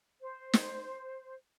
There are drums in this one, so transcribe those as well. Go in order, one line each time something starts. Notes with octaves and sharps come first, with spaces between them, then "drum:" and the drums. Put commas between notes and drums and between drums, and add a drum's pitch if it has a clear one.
C5
drum: snare